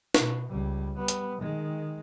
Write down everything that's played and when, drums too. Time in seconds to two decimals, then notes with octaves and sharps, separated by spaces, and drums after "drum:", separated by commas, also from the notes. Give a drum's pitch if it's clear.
0.15 B2, drum: snare
0.49 C#2 G3
0.96 G3 B3
1.08 drum: hi-hat
1.40 D#3 G#3